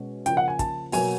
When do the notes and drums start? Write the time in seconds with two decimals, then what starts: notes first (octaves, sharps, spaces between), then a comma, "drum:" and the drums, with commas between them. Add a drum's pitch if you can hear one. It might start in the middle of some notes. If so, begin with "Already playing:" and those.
Already playing: B2 G#3 C#4
0.26 C#3 F3 A#3 G5, drum: hi-hat
0.37 F#5
0.48 G#5
0.59 A5, drum: kick, hi-hat
0.92 B2 F#3 A#3 G#5, drum: open hi-hat